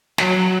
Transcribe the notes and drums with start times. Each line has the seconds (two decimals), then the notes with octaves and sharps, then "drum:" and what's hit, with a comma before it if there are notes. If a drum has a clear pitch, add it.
0.18 F#3, drum: snare